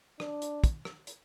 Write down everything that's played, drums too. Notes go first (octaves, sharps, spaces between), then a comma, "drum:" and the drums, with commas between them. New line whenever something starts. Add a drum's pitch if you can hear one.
D4, drum: rim click
drum: hi-hat
drum: kick, hi-hat
drum: rim click
drum: hi-hat